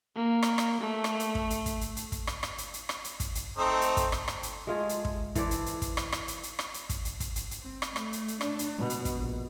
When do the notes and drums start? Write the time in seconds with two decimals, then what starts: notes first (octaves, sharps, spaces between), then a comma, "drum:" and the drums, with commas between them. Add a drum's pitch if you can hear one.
0.16 A#3
0.43 drum: rim click
0.58 drum: rim click
0.81 A3
1.04 drum: rim click
1.20 drum: hi-hat
1.35 drum: kick
1.50 drum: hi-hat
1.66 drum: kick, hi-hat
1.81 drum: hi-hat
1.97 drum: hi-hat
2.12 drum: kick, hi-hat
2.27 drum: rim click
2.43 drum: rim click
2.58 drum: hi-hat
2.74 drum: hi-hat
2.89 drum: rim click
3.04 drum: hi-hat
3.20 drum: kick, hi-hat
3.35 drum: hi-hat
3.58 A3 C4 D#4
3.81 drum: hi-hat
3.97 drum: kick, hi-hat
4.12 drum: rim click
4.28 drum: rim click
4.43 drum: hi-hat
4.67 G#3 A3 F4 G#4
4.89 drum: hi-hat
5.05 drum: kick
5.35 E3 A4 C5 D5, drum: kick, hi-hat
5.51 drum: hi-hat
5.66 drum: hi-hat
5.82 drum: kick, hi-hat
5.97 drum: rim click
6.12 drum: rim click
6.28 drum: hi-hat
6.43 drum: hi-hat
6.59 drum: rim click
6.74 drum: hi-hat
6.89 drum: kick, hi-hat
7.05 drum: hi-hat
7.20 drum: kick, hi-hat
7.36 drum: hi-hat
7.51 drum: hi-hat
7.63 C4
7.82 drum: rim click
7.96 A3, drum: rim click
8.13 drum: hi-hat
8.28 drum: hi-hat
8.41 D4, drum: rim click
8.59 drum: hi-hat
8.78 B2
8.90 drum: hi-hat
9.05 drum: kick, hi-hat
9.16 A#1